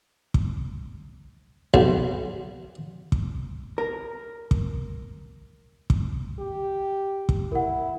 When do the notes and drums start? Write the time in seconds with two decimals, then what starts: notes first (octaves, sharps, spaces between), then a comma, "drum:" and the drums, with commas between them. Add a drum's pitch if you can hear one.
0.34 drum: kick
1.74 B1, drum: kick
3.12 drum: kick
3.78 A#4
4.51 drum: kick
5.90 drum: kick
6.39 G4
7.29 drum: kick
7.52 E4 A#4 F#5